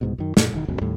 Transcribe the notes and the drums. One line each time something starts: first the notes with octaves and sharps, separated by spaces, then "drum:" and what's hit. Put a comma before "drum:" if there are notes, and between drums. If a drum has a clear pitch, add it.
C2 G#2 B2
F#2 D#3
F#2 A#2 A3, drum: snare
E1 D#3
F1 C#2 F#2 B2
D#2 A2 G3